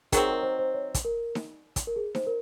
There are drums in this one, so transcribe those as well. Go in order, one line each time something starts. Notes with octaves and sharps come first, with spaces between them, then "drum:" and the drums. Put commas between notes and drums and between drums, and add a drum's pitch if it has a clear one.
D#3 F#3 C4 G#4, drum: kick, hi-hat
A#4
C5
C5
C#5
drum: kick, hi-hat
A#4
drum: snare D#4
drum: kick, hi-hat
A#4
G#4
C5, drum: snare D#4
A#4